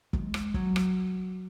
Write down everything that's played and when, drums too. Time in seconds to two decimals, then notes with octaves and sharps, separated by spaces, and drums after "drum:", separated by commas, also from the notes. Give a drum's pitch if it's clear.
0.13 G#3, drum: kick
0.34 drum: rim click
0.54 F#3, drum: kick
0.76 drum: rim click